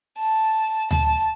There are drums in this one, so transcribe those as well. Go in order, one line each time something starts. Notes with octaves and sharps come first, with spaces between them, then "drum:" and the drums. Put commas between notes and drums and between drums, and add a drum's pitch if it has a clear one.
A5
A5, drum: tom D2